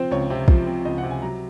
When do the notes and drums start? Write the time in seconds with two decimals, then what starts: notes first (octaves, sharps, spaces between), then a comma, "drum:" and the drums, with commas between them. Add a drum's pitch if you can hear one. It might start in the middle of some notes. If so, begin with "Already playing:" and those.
Already playing: F3 C4 C5
0.11 C#2 C#5
0.30 C3
0.48 F3, drum: kick
0.66 C4
0.85 C#2 D#5
0.98 F#5
1.03 C3
1.11 G#5
1.22 F#3 A#5